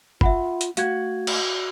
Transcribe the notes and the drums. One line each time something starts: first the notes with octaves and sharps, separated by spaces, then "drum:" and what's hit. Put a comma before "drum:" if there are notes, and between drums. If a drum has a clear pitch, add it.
F4 E5 F#5 B5, drum: kick
drum: hi-hat
A3 F#4 F5 G#6, drum: hi-hat
drum: cymbal